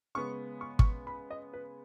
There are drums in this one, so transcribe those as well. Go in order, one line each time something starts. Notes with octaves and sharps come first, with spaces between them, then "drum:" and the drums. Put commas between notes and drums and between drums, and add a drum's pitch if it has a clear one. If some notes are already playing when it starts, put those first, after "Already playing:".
C#3 G#3 B3 C#6
C#6
C#6, drum: kick
B5
D#5
B4